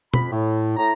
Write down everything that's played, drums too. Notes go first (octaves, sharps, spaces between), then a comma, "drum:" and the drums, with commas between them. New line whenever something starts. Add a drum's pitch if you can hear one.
F2 B5, drum: tom B2
A2
A2 A#5